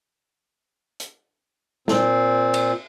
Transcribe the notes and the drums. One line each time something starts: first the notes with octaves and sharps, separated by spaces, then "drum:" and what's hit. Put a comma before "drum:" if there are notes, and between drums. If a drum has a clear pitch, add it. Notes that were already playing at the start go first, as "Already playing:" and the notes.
drum: hi-hat
A#2 C4, drum: snare
drum: cymbal